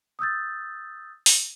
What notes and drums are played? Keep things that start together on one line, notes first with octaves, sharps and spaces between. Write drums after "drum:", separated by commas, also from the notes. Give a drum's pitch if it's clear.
D#6 E6 G6 A6
drum: open hi-hat